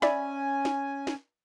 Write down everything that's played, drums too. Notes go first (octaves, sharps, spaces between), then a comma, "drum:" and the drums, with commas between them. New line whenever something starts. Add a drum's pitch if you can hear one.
C#4 D5 E5 G#5 B5, drum: snare
drum: snare
drum: snare